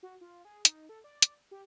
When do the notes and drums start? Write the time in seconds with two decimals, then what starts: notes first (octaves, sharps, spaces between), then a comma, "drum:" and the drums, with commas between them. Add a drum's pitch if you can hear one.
0.03 F#4
0.21 F4
0.45 G#4
0.65 D#4, drum: hi-hat
0.89 A4
1.04 D5
1.22 drum: hi-hat
1.51 G4